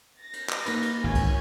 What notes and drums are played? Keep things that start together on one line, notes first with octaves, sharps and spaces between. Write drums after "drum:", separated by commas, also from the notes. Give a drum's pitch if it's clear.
A6 A#6
drum: cymbal
drum: clap
A#3 D#4 B4, drum: cymbal
drum: cymbal
G#1 C#4 G#5 G#6
drum: kick B1, cymbal